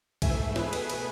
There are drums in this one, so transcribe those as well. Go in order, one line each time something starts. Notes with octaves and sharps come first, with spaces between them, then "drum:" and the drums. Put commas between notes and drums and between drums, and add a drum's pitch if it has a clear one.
G#2 E3 A3 E5 G#5, drum: kick B1, cymbal
B2 A3 G#4 B4, drum: snare
drum: cymbal
drum: cymbal